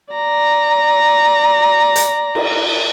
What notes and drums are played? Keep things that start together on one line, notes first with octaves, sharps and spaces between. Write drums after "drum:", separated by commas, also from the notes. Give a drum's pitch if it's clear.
D5 A#5
drum: hi-hat
drum: cymbal